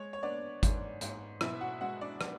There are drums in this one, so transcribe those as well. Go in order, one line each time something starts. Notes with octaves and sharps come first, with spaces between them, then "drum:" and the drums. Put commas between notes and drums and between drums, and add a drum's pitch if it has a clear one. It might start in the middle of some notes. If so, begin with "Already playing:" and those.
Already playing: G#3 C#5
C#5
B3 D4 D5
G#2, drum: kick G1, hi-hat
G#2, drum: hi-hat
B2 E4 E5, drum: rim click
F#4 F#5
G#3 F#4 F#5
D4 D5
drum: rim click